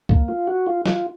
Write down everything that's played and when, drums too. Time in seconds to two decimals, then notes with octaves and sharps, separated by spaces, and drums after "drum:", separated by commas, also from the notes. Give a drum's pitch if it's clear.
0.09 A#3, drum: kick C#2
0.28 F4
0.47 F#4
0.67 F4
0.86 F4, drum: snare